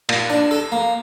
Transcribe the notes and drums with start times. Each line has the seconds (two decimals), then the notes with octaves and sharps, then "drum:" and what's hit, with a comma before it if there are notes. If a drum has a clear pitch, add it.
0.09 A#2, drum: cymbal
0.30 D4
0.51 A4
0.72 A#3